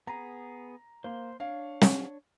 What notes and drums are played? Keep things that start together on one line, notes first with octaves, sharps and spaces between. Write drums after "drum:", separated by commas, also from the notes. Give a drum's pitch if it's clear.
B3 G#4 A#5
A#3 C5 C6
D4 C#5 F5
drum: snare